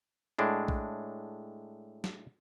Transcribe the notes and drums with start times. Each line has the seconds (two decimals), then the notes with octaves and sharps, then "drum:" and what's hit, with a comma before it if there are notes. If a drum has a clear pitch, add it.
0.39 A2 G#3 D4
0.68 drum: kick A#1
2.04 drum: snare